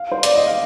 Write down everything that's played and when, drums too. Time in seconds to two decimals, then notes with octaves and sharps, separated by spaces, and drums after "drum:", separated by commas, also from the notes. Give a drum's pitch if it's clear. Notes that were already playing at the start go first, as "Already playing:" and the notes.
Already playing: F5
0.12 C5
0.23 D5, drum: hi-hat
0.35 D#5
0.47 F5